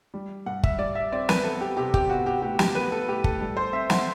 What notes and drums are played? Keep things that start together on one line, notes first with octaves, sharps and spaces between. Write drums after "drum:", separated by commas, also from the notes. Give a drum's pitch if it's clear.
G3
G2 F#5
E5, drum: kick G1
G3 D5
E5
C4 D5
B4, drum: snare
B3 A4
G4
C3 G4
G4, drum: kick G1
B3 F#4
G4
A2 G4
G4, drum: snare
B3 B4
A4
A2 G4
A4, drum: kick G1
G3 A4
C5
C4 E5
F#5, drum: snare